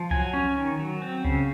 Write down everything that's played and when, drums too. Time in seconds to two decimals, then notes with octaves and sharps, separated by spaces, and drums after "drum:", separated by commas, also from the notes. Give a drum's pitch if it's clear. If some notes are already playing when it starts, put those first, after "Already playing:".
Already playing: F3
0.11 F#3 G#5, drum: kick C2
0.34 C#4
0.56 D#3
0.79 F#3
1.02 C4
1.25 C#3, drum: kick C2